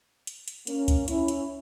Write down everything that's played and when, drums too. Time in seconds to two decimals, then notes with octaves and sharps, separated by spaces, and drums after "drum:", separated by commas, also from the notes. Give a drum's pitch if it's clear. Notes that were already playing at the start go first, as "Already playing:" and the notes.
0.27 drum: hi-hat
0.48 drum: hi-hat
0.67 A#3 C#4, drum: hi-hat
0.88 drum: kick C#2, hi-hat
1.08 C#4 E4, drum: hi-hat
1.28 drum: hi-hat